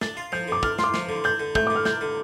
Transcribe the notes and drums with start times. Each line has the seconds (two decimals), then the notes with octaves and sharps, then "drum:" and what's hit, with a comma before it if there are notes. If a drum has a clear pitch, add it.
0.01 D4 A6, drum: snare
0.17 F4
0.32 F3 G6
0.48 D3 D6
0.63 D4 F6, drum: kick
0.79 F4 C6, drum: snare
0.84 D6
0.94 F3, drum: snare
1.09 D3
1.24 D4 G6
1.40 D3
1.55 A3 G6, drum: kick
1.67 D3 D6
1.76 F6
1.85 D4 G6, drum: snare
2.01 D3